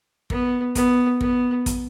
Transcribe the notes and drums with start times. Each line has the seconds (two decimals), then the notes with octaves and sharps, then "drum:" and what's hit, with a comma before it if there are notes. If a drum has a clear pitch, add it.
0.30 B3, drum: kick
0.75 B3, drum: kick, hi-hat
1.21 B3, drum: kick
1.66 drum: kick, hi-hat